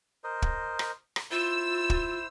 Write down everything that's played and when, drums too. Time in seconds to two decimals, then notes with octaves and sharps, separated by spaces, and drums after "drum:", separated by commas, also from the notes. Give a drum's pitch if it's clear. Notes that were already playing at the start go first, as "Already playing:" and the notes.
0.24 A#4 C5 D#5
0.42 drum: kick
0.79 drum: rim click
1.16 drum: rim click
1.31 E4 F4 C5 E6
1.90 drum: kick